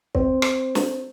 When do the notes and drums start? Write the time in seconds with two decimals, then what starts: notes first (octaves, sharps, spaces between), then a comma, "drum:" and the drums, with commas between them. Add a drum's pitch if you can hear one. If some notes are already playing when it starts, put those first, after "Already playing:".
0.15 C4, drum: kick
0.42 drum: rim click
0.75 drum: snare